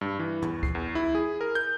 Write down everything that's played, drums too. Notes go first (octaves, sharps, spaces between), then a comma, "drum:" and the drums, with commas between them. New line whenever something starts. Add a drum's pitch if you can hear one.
G2
E3
E2, drum: tom
C7, drum: kick C#2
E2
E4
G#4
A#4
G6